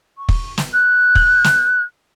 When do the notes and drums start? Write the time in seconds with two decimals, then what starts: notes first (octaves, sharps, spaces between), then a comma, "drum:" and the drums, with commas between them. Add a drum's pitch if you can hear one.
0.17 C#6
0.29 drum: kick
0.58 drum: snare
0.72 F#6 G6
1.15 drum: kick
1.44 drum: snare